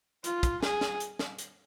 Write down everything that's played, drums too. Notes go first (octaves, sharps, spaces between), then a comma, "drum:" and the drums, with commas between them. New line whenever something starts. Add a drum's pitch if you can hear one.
F4, drum: hi-hat
drum: kick, hi-hat
G#4, drum: snare
drum: snare
drum: hi-hat
drum: snare
drum: hi-hat